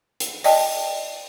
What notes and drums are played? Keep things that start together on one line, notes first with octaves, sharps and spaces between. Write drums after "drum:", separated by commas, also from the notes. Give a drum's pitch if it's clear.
drum: hi-hat
D5 D#5 G5 A5, drum: open hi-hat